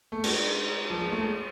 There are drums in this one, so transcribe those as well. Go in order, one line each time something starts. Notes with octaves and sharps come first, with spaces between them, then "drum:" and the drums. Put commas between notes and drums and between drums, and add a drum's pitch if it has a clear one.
A3
G#3, drum: cymbal
F3
G#3
A3
G#3